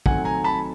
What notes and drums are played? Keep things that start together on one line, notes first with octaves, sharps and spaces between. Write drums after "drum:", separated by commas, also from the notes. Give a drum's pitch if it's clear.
D#3 F#3 A3 C4 F#5 G#5, drum: kick
G#5 A#5
A5 B5